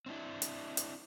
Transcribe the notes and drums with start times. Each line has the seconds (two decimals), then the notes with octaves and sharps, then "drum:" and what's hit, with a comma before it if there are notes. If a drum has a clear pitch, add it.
0.06 C4 D4 E4
0.42 drum: hi-hat
0.77 drum: hi-hat